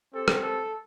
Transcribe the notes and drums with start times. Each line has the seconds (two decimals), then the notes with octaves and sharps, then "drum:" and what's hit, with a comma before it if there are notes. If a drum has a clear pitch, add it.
0.13 C4 G4 A4
0.28 drum: rim click
0.42 A4